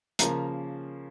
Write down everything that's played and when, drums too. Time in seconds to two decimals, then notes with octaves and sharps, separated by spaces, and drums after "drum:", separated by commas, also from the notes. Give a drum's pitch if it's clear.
0.19 C#3 F3 A#3 A#5, drum: hi-hat